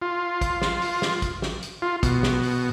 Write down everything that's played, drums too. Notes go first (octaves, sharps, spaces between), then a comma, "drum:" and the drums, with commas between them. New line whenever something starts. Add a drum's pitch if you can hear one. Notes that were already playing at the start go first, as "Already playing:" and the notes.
F4
drum: kick, hi-hat
drum: snare
drum: open hi-hat
drum: snare
drum: kick, hi-hat
drum: snare
drum: hi-hat
F4
B2, drum: kick, hi-hat
drum: snare
drum: open hi-hat